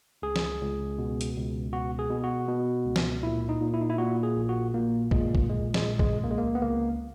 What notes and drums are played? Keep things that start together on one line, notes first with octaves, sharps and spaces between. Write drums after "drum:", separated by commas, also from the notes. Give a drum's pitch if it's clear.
C#2 G#4
drum: snare
C#2
B2
drum: hi-hat
C#2
B2 F#4
G#4
B2
F#4
B2
C#2
drum: snare
A#2 E4
D#4
A#2
E4
D#4
E4
A#2 F#4
G#4
A#1
F#4
A#2 A#3
A#2 G#3, drum: kick A#1
drum: kick A#1
A#2 G#3
G#3, drum: snare
A#1
G#3, drum: kick A#1
C#2 A#3
G#3
A#3
B3
C#2 A#3